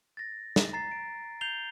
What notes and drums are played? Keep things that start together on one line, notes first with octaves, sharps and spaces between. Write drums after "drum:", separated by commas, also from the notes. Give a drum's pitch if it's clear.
A6 A#6
drum: snare
A#5 A6 C7
D7
G6 C7 F7 G7